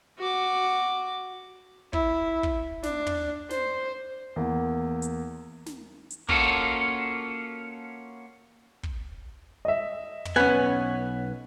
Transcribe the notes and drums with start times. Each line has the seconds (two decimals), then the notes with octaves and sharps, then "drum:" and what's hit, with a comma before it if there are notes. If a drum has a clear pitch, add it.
0.18 F#4 D6
1.93 E4, drum: kick
2.43 drum: kick
2.83 D4, drum: snare
3.07 drum: tom
3.50 C5, drum: snare
4.36 E2 A#3
5.02 drum: hi-hat
5.66 drum: snare
6.11 drum: hi-hat
6.29 A#3 C#4 F4 F#4 A4, drum: kick
8.83 drum: kick
9.65 D#5 E5
10.25 drum: tom
10.36 B1 B3 C#4 B4 G#5 F#6